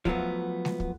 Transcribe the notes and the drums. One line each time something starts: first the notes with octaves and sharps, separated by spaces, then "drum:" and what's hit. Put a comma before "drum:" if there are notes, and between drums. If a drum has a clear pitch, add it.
F3 F#3 A3 B3, drum: kick
drum: snare G#3
drum: kick